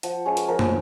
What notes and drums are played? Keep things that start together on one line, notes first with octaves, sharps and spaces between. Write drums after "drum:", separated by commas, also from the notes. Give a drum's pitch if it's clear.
F3 F#5, drum: hi-hat
G#3 C#4 F4 C#5
B4, drum: hi-hat
F3 A#4
drum: tom